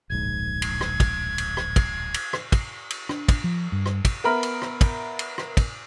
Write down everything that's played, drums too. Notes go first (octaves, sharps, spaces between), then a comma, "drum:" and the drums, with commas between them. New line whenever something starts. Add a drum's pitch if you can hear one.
D1 A#1 G#2 G#6
drum: cymbal
drum: rim click
drum: kick, cymbal
drum: cymbal
drum: rim click
drum: kick, cymbal
drum: cymbal
drum: rim click
drum: kick, cymbal
drum: cymbal
D4, drum: rim click
drum: kick, cymbal
F3
G2
drum: rim click
drum: kick, cymbal
B3 A#4 E5 B5 F6
drum: cymbal
drum: rim click
drum: kick, cymbal
drum: cymbal
drum: rim click
drum: kick, cymbal